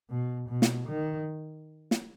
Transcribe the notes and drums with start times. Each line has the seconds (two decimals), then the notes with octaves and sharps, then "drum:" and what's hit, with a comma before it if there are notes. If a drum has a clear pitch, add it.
0.09 B2
0.49 B2
0.62 drum: snare
0.88 D#3
1.91 drum: snare